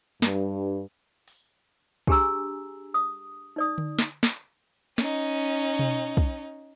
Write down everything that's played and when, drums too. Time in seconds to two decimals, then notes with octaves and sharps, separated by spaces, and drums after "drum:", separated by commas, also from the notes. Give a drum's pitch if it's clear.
0.22 G2, drum: snare
1.28 drum: open hi-hat
2.07 D4 G4 G#4 G#5 A#5 E6, drum: kick
2.94 D#6
3.56 D#4 D5 D#6
3.78 drum: tom D3
3.99 drum: snare
4.23 drum: snare
4.98 C#4 D#4, drum: snare
5.16 drum: tambourine
5.79 drum: tom B2
6.17 drum: kick